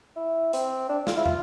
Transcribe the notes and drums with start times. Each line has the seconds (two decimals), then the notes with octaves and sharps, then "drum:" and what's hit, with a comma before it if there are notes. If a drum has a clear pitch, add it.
0.16 E4
0.53 C4, drum: hi-hat
0.89 D4
1.07 F4, drum: snare
1.17 E4
1.26 F4, drum: tom